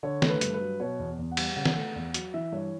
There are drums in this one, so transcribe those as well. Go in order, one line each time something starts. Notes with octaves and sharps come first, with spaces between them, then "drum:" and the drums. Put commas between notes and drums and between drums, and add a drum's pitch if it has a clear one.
D3 C#5
A3, drum: snare
B4
G2, drum: hi-hat
B4
F#3
B2 C#5
E2
E2
F#5
G3, drum: cymbal
C#3 F#5
drum: snare
A3
E2
F#3, drum: hi-hat
E3 E5
G2 C#5